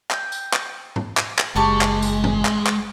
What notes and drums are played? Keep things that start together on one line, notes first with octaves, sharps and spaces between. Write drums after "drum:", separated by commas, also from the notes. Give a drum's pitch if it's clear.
G5, drum: clap
drum: tambourine
drum: clap
drum: tom G#2
drum: clap
drum: clap
F#1 G#3 G4 A5 C#6
drum: clap
drum: tambourine
drum: tom G#2
drum: clap
drum: clap